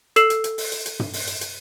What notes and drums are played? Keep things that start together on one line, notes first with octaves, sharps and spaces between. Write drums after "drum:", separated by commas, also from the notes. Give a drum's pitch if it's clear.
A4 E6 C7 E7 F#7, drum: hi-hat
drum: hi-hat
drum: hi-hat
drum: open hi-hat
drum: hi-hat
drum: hi-hat
drum: tom
drum: open hi-hat
drum: hi-hat
drum: hi-hat